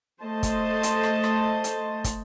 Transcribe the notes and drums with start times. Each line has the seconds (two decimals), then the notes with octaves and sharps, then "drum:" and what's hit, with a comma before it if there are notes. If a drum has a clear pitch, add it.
0.23 A3 C5 D#5 A5
0.43 drum: kick, hi-hat
0.83 drum: hi-hat
1.03 drum: rim click
1.24 drum: rim click
1.64 drum: hi-hat
2.04 drum: kick, hi-hat